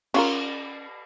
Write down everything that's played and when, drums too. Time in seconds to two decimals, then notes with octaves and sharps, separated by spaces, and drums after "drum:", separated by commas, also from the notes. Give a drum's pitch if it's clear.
0.14 C#4 F4 A#4, drum: cymbal